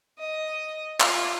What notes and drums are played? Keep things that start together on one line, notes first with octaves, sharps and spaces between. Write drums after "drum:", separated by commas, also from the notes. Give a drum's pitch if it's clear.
D#5
F4, drum: clap